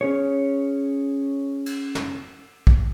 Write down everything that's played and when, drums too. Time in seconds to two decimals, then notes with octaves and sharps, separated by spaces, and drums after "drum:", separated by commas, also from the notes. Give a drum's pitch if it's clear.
0.01 C#4 G#4 C#5
1.66 drum: cymbal
1.95 drum: snare
2.67 drum: kick A#1